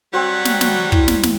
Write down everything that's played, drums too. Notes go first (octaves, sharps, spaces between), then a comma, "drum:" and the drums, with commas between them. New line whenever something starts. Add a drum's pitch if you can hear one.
F#3 G3 C4 F#4 C5
drum: snare
drum: snare
E4, drum: kick
drum: snare
drum: snare